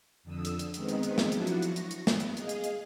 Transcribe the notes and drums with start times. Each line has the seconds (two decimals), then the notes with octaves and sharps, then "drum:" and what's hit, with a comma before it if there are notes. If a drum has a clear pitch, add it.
0.23 F2 D3 D#6 E6
0.45 drum: hi-hat
0.59 drum: hi-hat
0.74 D#3 G#3 B3 C4 D#4, drum: hi-hat
0.89 drum: hi-hat
1.03 drum: hi-hat
1.18 drum: snare
1.32 F3 F#3 D4 E4 F#4, drum: hi-hat
1.47 drum: hi-hat
1.62 C#6 A#6, drum: hi-hat
1.76 drum: hi-hat
1.91 drum: hi-hat
2.07 B3, drum: snare
2.20 drum: hi-hat
2.37 G#4 D#5 F5, drum: hi-hat
2.49 drum: hi-hat
2.64 drum: hi-hat